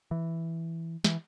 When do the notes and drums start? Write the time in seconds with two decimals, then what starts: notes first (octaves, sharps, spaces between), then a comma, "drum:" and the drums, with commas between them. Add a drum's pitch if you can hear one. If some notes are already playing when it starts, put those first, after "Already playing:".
0.11 E3
1.04 E3, drum: snare